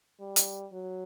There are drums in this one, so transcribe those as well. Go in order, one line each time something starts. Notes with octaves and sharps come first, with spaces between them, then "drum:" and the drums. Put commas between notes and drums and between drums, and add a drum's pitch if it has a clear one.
G3
drum: hi-hat
F#3